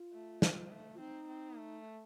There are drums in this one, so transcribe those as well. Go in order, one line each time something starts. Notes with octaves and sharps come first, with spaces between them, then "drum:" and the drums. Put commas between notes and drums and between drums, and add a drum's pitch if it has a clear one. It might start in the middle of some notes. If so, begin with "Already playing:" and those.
Already playing: F4
A3
F3, drum: snare
A3
F4
C4 D#4
C4
A3